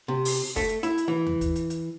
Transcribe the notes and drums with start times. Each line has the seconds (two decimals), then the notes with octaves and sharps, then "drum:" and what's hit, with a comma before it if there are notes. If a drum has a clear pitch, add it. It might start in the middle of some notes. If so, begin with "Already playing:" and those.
0.08 C3
0.25 drum: open hi-hat
0.56 A3, drum: kick, hi-hat
0.69 drum: hi-hat
0.83 E4, drum: hi-hat
0.98 drum: hi-hat
1.08 E3
1.27 drum: tom D#2
1.41 drum: kick, hi-hat
1.56 drum: hi-hat
1.70 drum: hi-hat